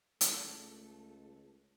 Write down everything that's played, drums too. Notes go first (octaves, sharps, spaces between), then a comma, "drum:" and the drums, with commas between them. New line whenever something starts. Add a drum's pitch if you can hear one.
C#2 A3 A4, drum: hi-hat